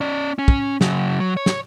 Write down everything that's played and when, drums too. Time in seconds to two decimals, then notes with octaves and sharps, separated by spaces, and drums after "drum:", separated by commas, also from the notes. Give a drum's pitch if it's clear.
0.01 C#4 D5
0.39 C#4
0.48 drum: kick
0.81 C#3 F#3, drum: snare
1.20 F#3
1.37 C#5
1.46 drum: snare